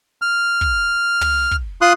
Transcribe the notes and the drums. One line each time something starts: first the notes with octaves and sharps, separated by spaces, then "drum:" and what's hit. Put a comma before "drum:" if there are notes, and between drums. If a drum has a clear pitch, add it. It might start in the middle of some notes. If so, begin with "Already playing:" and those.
F6
drum: kick
drum: tom
drum: kick
F4 C6 D#6 F#6